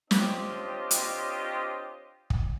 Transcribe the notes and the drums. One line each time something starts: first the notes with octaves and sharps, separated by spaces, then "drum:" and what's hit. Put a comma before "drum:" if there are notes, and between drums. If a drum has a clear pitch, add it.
C4 D4 F4 G4 C#5 D#5, drum: snare
drum: hi-hat
drum: kick